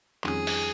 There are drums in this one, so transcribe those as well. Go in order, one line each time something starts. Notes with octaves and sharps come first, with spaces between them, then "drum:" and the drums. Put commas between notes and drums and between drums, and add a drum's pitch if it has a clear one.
F2 D#3 G3 C#4 G#4, drum: clap
drum: open hi-hat